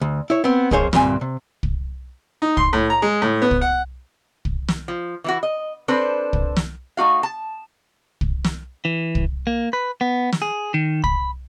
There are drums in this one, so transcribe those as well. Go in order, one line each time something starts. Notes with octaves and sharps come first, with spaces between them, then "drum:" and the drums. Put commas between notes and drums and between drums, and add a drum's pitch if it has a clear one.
D2
E4 C#5
B3 C4
F2 A#3 G#4 C5 C#5, drum: kick
D2 G2 A#2 C4 G#5, drum: snare
C3
drum: kick
D#4
C6, drum: kick
A2
A#5
G#3
A2
B3
drum: kick
F#5
drum: kick
drum: snare
F3
E3 E4 F#4
D#5
C4 D4 A4 B4 C5
drum: kick
drum: snare
A3 D#4 F#4 F5
A5
drum: kick
drum: snare
E3
drum: kick
A#3
B4
B3
drum: snare
G#4
D#3
B5, drum: kick